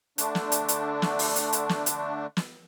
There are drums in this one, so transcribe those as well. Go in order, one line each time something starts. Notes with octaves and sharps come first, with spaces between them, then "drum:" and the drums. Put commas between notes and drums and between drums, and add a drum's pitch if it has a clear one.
D3 A3 D4, drum: hi-hat
drum: snare
drum: hi-hat
drum: hi-hat
drum: snare
drum: open hi-hat
drum: hi-hat
drum: hi-hat
drum: snare
drum: hi-hat
drum: snare